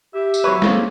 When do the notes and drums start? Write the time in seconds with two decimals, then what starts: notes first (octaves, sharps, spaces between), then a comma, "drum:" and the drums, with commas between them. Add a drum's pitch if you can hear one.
0.14 G4 E5
0.34 drum: tambourine
0.44 F#3 B4 C#5
0.62 G#3 A#3 C4 C#4, drum: snare